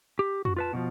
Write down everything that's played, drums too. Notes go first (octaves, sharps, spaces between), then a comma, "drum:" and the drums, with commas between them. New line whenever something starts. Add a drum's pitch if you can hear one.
G4
F#4, drum: tom F2
F4 B4 A5
B2 D#3 F3